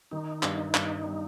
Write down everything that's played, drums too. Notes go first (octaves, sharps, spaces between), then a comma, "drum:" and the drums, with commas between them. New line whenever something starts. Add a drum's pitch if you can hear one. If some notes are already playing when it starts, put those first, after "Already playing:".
D#3 D#4
G2, drum: clap
G2, drum: clap
G3